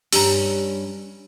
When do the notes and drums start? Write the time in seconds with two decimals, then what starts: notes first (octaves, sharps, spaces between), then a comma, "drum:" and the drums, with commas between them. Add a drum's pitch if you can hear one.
0.13 G2 C#4 G4 A#5, drum: open hi-hat